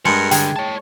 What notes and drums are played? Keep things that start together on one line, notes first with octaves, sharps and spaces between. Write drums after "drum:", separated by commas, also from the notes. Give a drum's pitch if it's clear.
G2 G#3 A#4 C#7
D3 G#4 G5, drum: hi-hat
C#5 A5